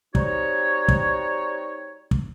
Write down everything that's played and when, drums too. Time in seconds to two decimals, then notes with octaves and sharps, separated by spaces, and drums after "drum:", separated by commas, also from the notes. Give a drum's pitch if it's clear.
0.15 G3 C4 D#4 F#4 C#5, drum: kick
0.88 drum: kick
2.11 drum: kick